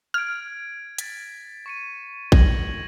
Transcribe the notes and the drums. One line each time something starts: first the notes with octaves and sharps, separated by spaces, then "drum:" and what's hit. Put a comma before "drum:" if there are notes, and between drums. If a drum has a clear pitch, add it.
F6 G#6 D7
A6 B6, drum: hi-hat
C#6 C#7 D#7
G#6 A#6 F#7, drum: kick